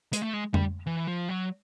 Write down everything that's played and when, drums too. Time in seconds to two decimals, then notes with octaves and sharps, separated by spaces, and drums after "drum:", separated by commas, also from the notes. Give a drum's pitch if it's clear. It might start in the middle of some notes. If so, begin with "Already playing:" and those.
0.13 G#3, drum: hi-hat
0.22 A3
0.33 G#3
0.54 G3, drum: tom F2
0.87 E3
1.07 F3
1.29 F#3